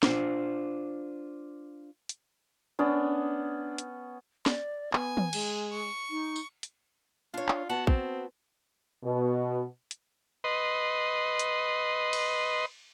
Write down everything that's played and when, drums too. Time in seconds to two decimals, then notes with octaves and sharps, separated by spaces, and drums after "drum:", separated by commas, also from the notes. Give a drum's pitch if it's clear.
0.03 D4 F4 C5, drum: snare
2.09 drum: hi-hat
2.79 B3 C#4 D4
3.78 drum: hi-hat
4.46 D5, drum: snare
4.93 B3 G#5, drum: clap
5.17 drum: tom
5.33 G#3, drum: cymbal
5.73 C#6
6.10 D#4
6.36 drum: tambourine
6.63 drum: hi-hat
7.34 D4 F4 C#5
7.48 drum: clap
7.69 B3 F#4 F#5 A5
7.87 C4, drum: kick
9.04 B2
9.91 drum: hi-hat
10.44 B4 D#5 C6
11.39 drum: hi-hat
12.13 drum: cymbal